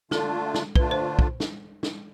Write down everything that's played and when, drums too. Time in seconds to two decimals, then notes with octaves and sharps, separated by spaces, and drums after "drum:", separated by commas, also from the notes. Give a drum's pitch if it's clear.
0.11 D3 A3 D4 F4 A4, drum: snare
0.54 drum: snare
0.76 D3 A3 D4 F4 B4, drum: kick
0.91 C5
1.19 drum: kick
1.40 drum: snare
1.83 drum: snare